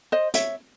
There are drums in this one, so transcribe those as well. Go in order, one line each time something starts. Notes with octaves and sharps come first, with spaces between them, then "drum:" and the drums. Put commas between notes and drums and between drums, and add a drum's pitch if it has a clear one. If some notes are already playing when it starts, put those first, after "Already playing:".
C5 D#5
C#5 E5, drum: hi-hat